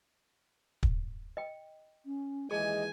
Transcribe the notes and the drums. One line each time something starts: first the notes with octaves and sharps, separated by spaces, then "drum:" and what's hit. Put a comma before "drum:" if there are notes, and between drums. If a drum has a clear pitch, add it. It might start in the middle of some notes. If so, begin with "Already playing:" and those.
drum: kick
D#5 G5
C#4
D#2 E3 G#3 G#4 D#5 G#5